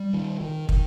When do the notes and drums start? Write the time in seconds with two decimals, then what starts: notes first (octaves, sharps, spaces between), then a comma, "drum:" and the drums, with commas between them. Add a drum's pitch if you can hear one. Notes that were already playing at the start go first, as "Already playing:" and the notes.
Already playing: G3
0.13 D#3
0.41 D#3
0.69 D#3, drum: kick